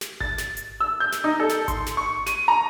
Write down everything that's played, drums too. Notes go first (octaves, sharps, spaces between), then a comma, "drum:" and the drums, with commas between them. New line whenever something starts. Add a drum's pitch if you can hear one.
drum: snare
A6, drum: kick G#1
drum: snare
drum: hi-hat
E6
G6
drum: snare
D#4
A4
drum: snare
C6, drum: kick G#1, hi-hat
drum: snare
C#6
D#7, drum: snare
A#5